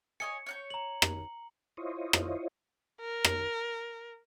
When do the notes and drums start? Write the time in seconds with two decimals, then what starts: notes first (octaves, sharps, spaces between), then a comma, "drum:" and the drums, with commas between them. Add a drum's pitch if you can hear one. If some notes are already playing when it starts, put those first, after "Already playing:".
0.20 C#5 D#5 G#5 C#7
0.46 C#5 F#6 G6
0.70 A#5 F#7
1.02 drum: rim click
1.77 E4 F4 C5 C#5 D#5
2.13 drum: rim click
3.01 A#4
3.25 drum: rim click